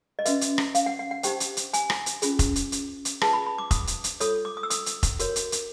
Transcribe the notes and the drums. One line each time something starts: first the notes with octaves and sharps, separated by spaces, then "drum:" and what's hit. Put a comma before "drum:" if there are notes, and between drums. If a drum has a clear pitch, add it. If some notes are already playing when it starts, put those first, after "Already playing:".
D#5
C#4 F#4 B4 E5, drum: hi-hat
drum: hi-hat
drum: rim click
F5, drum: hi-hat
F#5
F#5
F#5
D#4 G4 C5 G5, drum: hi-hat
drum: hi-hat
drum: hi-hat
G#5, drum: hi-hat
drum: rim click
drum: hi-hat
C#4 F4 G#4, drum: hi-hat
drum: kick F1, hi-hat
drum: hi-hat
drum: hi-hat
drum: hi-hat
F4 G#4 B4 A5, drum: rim click
B5
B5
D6
D#6, drum: kick F1, hi-hat
drum: hi-hat
drum: hi-hat
F4 A4 C#5 D#6, drum: hi-hat
D6
D#6
E6
D#6, drum: hi-hat
drum: hi-hat
drum: kick F1, hi-hat
F#4 A#4 C#5, drum: hi-hat
drum: hi-hat
drum: hi-hat